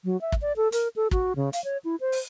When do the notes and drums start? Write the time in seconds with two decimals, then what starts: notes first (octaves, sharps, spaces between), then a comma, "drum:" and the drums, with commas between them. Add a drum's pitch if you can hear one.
0.04 F#3
0.21 E5
0.32 drum: kick
0.41 D5
0.57 A4
0.72 A#4, drum: hi-hat
0.96 A4
1.11 F#4, drum: kick
1.36 C#3
1.53 F5, drum: hi-hat
1.64 C#5
1.84 E4
2.01 C5
2.12 drum: open hi-hat